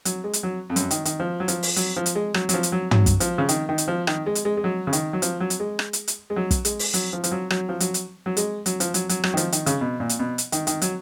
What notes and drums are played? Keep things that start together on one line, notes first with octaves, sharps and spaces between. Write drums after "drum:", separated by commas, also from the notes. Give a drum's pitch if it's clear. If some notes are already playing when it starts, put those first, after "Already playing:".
F#3, drum: hi-hat
G#3
drum: hi-hat
F#3
F2
F#2, drum: hi-hat
D#3, drum: hi-hat
D#3, drum: hi-hat
F3
F#3
F3, drum: hi-hat
drum: open hi-hat
F#3, drum: hi-hat
F3
drum: hi-hat
G#3
F#3, drum: rim click
F#3, drum: hi-hat
F3
drum: hi-hat
F#3
F#3, drum: tom
drum: kick, hi-hat
F3, drum: hi-hat
C#3
D#3, drum: hi-hat
D#3
drum: hi-hat
F3
D#3, drum: rim click
G#3
drum: hi-hat
G#3
G#3
F#3
C#3
D#3, drum: hi-hat
F#3
F3, drum: hi-hat
F#3
drum: hi-hat
G#3
drum: rim click
drum: hi-hat
drum: hi-hat
G#3
F#3
drum: kick, hi-hat
G#3, drum: hi-hat
drum: open hi-hat
F#3, drum: hi-hat
F3
F3, drum: hi-hat
F#3
F#3, drum: rim click
F3
F#3, drum: hi-hat
drum: hi-hat
F#3
G#3, drum: hi-hat
F#3, drum: hi-hat
F3, drum: hi-hat
F#3, drum: hi-hat
F#3, drum: hi-hat
F#3, drum: rim click
D#3
F3, drum: hi-hat
D#3, drum: hi-hat
C#3, drum: hi-hat
B2
A#2
drum: hi-hat
B2
drum: hi-hat
D#3, drum: hi-hat
D#3, drum: hi-hat
F#3, drum: hi-hat